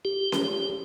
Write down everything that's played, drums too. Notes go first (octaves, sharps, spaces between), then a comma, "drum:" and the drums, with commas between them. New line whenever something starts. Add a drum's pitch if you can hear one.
G4
drum: snare C#4